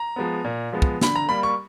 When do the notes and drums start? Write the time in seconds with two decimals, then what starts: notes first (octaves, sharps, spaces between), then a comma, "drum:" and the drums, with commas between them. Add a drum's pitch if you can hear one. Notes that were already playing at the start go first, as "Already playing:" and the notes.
Already playing: A#5
0.16 F3 G#3 B3
0.44 A#2
0.72 F3 G#3 B3
0.82 drum: kick
1.01 D3 B5, drum: snare
1.16 A#5
1.29 G3 A#3 B5
1.43 C#6